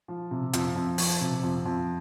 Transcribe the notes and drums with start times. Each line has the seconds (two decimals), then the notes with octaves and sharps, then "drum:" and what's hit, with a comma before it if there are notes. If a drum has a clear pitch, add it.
0.08 F3
0.31 C3
0.53 F2, drum: hi-hat
0.76 F2
0.98 F3, drum: open hi-hat
1.21 C3
1.43 F2
1.65 F2